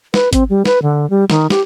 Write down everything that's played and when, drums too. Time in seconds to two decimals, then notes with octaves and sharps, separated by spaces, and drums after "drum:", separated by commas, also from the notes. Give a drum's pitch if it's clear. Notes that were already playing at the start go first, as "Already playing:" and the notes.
0.14 B4, drum: snare
0.33 C4, drum: kick G#1, hi-hat
0.50 G3
0.65 B4, drum: snare
0.82 D3
1.10 G3
1.30 D#3, drum: snare
1.50 G4, drum: snare